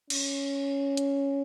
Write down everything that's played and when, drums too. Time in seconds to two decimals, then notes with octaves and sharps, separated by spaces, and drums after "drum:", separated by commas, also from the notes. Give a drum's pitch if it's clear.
0.10 C#4, drum: cymbal
0.97 drum: hi-hat